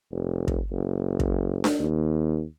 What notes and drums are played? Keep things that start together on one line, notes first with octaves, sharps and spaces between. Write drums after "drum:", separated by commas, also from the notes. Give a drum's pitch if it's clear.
F1
drum: kick
F#1
drum: kick
drum: snare D4
D#2